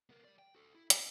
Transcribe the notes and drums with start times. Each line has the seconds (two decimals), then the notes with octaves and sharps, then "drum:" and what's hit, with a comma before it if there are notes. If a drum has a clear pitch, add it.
0.10 B3 A#4
0.25 G3 D5
0.39 G5
0.55 F#4 A4
0.75 E4
0.90 F3 D#5, drum: hi-hat